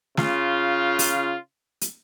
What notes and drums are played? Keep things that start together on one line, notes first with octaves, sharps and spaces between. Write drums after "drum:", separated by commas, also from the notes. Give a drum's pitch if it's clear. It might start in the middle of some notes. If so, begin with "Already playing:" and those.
C#3 F4, drum: snare
drum: open hi-hat
drum: hi-hat